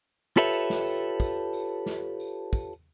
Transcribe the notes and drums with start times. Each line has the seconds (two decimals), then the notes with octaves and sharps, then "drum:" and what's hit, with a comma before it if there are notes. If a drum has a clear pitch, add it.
0.37 F4 G4 A4 B4 C#5 E5
0.53 drum: tambourine
0.70 drum: snare
0.87 drum: tambourine
1.20 drum: kick, tambourine
1.53 drum: tambourine
1.86 drum: snare
2.19 drum: tambourine
2.53 drum: kick, tambourine